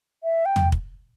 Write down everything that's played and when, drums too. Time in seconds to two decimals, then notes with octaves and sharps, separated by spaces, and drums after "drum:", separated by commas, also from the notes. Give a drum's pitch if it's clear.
0.24 E5
0.46 G5
0.56 drum: tom
0.72 drum: kick